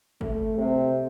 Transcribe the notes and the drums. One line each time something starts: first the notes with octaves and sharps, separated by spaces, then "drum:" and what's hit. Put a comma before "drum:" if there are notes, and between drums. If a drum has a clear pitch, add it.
A3, drum: kick G1
C3